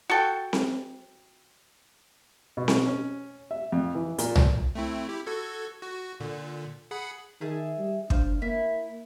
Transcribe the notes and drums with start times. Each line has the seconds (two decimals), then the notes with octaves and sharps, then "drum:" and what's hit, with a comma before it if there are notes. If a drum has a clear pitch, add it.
0.10 F#4 A4 G5
0.53 drum: snare C4
2.57 B2
2.68 drum: snare C4
2.87 C#4
3.51 E5
3.72 F2
3.95 E3
4.18 A#2, drum: hi-hat
4.36 drum: tom C2
4.75 A3 C4 E4
5.08 E4 G4
5.26 F#4 A4 G#6
5.82 F#4
6.20 A#2 D3
6.91 G#4 F#5 B5
7.41 D#3 G#4 E5 A5
7.78 G3
8.10 D4 C5 F5, drum: kick
8.42 A#3 E4